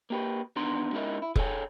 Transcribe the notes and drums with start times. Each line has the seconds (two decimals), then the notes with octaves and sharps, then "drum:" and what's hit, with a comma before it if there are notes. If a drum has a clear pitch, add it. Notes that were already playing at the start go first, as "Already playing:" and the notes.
0.10 A#3 G4 B4
0.56 E2 D#3 B3 D4 A#5 C6
0.93 G#3 C#4 D#4 E4 A#4 D#5
1.22 E4
1.36 G#4 A4 C#5 D5 G5 G#5, drum: kick F1